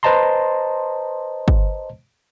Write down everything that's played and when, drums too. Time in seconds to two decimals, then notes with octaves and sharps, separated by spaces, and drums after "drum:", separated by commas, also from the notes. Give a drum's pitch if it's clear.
0.03 B4 C5 D#5 A5 A#5 C6
1.48 drum: kick